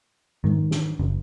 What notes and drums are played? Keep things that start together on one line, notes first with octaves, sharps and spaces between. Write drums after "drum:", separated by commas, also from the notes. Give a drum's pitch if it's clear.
D#3, drum: tom G#2
drum: snare
F#1, drum: tom E3